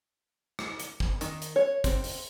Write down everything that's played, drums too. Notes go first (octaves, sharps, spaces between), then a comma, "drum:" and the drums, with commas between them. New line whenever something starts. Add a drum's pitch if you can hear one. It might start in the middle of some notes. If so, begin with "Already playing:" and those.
drum: rim click
drum: hi-hat
drum: kick
D#3, drum: hi-hat
drum: hi-hat
C#5
C4, drum: kick, hi-hat
drum: open hi-hat